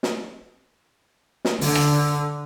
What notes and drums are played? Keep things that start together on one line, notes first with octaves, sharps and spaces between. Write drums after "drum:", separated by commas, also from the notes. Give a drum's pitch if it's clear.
drum: snare
drum: snare
D3, drum: open hi-hat
drum: rim click